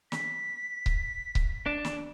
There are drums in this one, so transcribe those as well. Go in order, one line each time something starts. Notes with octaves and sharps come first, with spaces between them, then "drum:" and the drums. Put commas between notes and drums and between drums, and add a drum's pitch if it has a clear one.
B6, drum: snare
drum: kick C#1
drum: kick C#1
D4
drum: snare